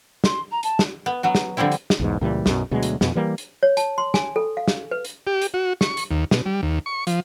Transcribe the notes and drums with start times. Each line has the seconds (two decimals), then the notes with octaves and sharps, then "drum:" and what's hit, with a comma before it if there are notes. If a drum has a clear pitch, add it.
0.24 C6, drum: snare
0.51 A#5
0.63 A5, drum: hi-hat
0.79 drum: snare
1.06 B3
1.23 F#3 B3 F#4
1.35 drum: snare
1.57 D3 F3 G3 C4 E4
1.72 drum: hi-hat
1.90 drum: snare
2.00 B1 E2 G#2
2.21 C#2 A#2 E3 G3
2.46 B1 F#2 B2, drum: snare
2.71 D2 B2 F#3 G#3
2.83 drum: hi-hat
3.01 F2 B2, drum: snare
3.15 E3 G3 A#3
3.38 drum: hi-hat
3.63 C#5
3.77 A5, drum: hi-hat
3.98 C6
4.14 G#5, drum: snare
4.36 A4
4.57 F5
4.68 drum: snare
4.91 B4
5.05 drum: hi-hat
5.27 G4
5.42 drum: hi-hat
5.54 F#4
5.81 C#6, drum: snare
5.97 drum: hi-hat
6.11 D#2
6.31 B2, drum: snare
6.46 G3
6.63 D#2
6.86 C#6
7.07 F3, drum: hi-hat